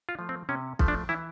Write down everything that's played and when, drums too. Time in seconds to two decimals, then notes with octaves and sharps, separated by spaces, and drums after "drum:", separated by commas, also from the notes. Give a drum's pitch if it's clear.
0.09 F4
0.19 F3 A3
0.29 C4
0.49 C3 C#4
0.79 F3 A3, drum: kick B1
0.88 D4
1.09 E3 E4